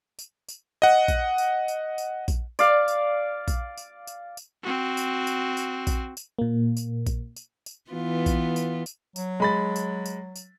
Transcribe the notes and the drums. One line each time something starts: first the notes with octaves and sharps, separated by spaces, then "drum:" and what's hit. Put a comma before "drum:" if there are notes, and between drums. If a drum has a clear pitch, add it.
drum: tambourine
drum: tambourine
D#5 F#5
drum: kick A#1, tambourine
drum: tambourine
drum: tambourine
drum: tambourine
drum: kick A#1, tambourine
D5 F5, drum: tambourine
drum: tambourine
drum: kick A#1, tambourine
drum: tambourine
drum: tambourine
drum: tambourine
C4 F#4
drum: tambourine
drum: tambourine
drum: tambourine
drum: kick A#1, tambourine
drum: tambourine
A#2 A#3
drum: tambourine
drum: kick A#1, tambourine
drum: tambourine
drum: tambourine
E3 B3 F4
drum: kick A#1, tambourine
drum: tambourine
drum: tambourine
F#3, drum: tambourine
G#3 B5 A6
drum: tambourine
drum: tambourine
drum: tambourine